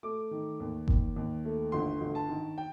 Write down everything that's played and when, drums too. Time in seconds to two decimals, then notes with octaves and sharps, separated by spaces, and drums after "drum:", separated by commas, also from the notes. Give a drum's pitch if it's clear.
0.03 A3 D6
0.31 D#3
0.60 D#2
0.88 D#2, drum: kick G1
1.16 D#2
1.45 A3
1.72 G1 C6
2.01 G1
2.15 A5
2.29 D#3
2.58 G5